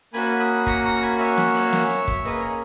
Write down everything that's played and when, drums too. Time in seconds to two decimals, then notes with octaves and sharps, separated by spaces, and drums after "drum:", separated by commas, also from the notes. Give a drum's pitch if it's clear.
0.14 A#3 C#4 F#4 G#5 B5, drum: open hi-hat
0.40 B5 D#6
0.66 A#5 C#6, drum: kick, hi-hat
0.85 A#5 C#6, drum: hi-hat
1.02 G#5 B5, drum: hi-hat
1.19 C#5 E5, drum: hi-hat
1.37 drum: snare
1.55 drum: open hi-hat
1.72 drum: snare
1.90 drum: hi-hat
2.08 drum: kick, hi-hat
2.25 A#3 C#4 G#4 B4 D#5, drum: hi-hat
2.38 A#4 C#5